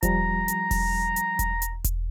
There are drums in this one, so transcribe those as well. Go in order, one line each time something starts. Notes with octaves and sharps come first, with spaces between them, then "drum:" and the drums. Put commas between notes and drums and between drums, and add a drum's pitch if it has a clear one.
F3 G3 A#5, drum: kick E1, hi-hat
drum: hi-hat
drum: kick E1, open hi-hat
drum: hi-hat
drum: kick E1, hi-hat
drum: hi-hat
drum: kick E1, hi-hat